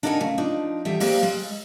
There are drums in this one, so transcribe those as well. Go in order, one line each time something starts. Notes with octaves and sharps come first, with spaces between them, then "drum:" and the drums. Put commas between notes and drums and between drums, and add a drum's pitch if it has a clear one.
D4 D#4 A4 A#4 F#5 G#5
C#3 A3
F3 D4 D#4
E2 G3 A3 E5
G#3 A#3 G4 C5 D5 F5, drum: open hi-hat
G#3